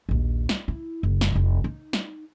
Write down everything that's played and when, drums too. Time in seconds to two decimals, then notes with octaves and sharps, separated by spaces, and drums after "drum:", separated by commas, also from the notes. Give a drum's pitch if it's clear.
0.09 A#1 D#2
0.49 drum: snare
0.68 E4
1.03 F#1
1.21 drum: snare
1.32 F1 C2
1.64 D#4
1.93 drum: snare